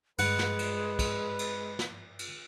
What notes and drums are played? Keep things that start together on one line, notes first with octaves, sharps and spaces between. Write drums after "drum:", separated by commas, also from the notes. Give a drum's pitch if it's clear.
G2 G#3 B4 F#5, drum: cymbal
drum: snare
drum: cymbal
drum: kick, cymbal
drum: cymbal
drum: snare
drum: cymbal